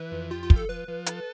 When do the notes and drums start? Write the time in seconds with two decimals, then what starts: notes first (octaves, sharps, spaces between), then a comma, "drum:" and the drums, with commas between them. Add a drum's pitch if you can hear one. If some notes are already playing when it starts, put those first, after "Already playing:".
Already playing: E3 B4
0.12 F2
0.30 F4 G4
0.43 F4
0.50 F3, drum: kick
0.56 A4
0.69 F3 B4
0.88 F3
1.06 A4, drum: hi-hat